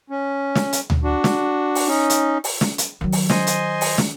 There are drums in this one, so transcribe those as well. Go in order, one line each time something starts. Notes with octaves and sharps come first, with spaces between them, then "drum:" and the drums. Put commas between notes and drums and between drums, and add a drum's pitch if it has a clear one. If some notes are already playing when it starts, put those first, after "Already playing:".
C#4
drum: snare
drum: hi-hat
drum: tom D2
D4 F#4
drum: snare
drum: open hi-hat
C#4 D#4
drum: hi-hat
drum: open hi-hat
drum: snare
drum: hi-hat
D#3 F#3
drum: open hi-hat
C5 D#5 G#5, drum: snare
drum: hi-hat
drum: open hi-hat
drum: snare